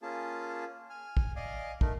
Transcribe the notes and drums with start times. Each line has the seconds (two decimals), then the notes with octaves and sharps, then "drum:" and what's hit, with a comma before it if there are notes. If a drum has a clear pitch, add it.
0.02 A#3 C#4 F4 G#4 A5
0.90 G#5 F6
1.17 drum: kick
1.36 D5 D#5 F5 G#5
1.81 A3 D#4 A#4, drum: kick